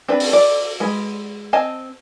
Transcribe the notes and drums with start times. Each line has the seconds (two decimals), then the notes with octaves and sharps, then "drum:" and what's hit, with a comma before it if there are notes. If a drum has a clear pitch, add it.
0.08 C4 D4 B4
0.20 drum: open hi-hat
0.29 A4 D5
0.80 G#3 B4
1.53 C4 D#5 G#5 A5